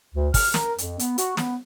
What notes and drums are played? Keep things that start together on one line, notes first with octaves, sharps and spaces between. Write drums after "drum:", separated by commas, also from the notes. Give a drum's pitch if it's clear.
D2
F6, drum: kick, open hi-hat
A#4, drum: snare
F2, drum: hi-hat
B3, drum: hi-hat
F#4, drum: hi-hat
B3, drum: snare